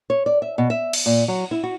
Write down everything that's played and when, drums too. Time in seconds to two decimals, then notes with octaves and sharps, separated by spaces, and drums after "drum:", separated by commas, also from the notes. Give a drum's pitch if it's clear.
0.10 C#5
0.26 D5
0.42 E5
0.58 B2
0.70 E5
0.93 drum: cymbal
1.06 A#2
1.28 F#3
1.51 E4
1.63 F#4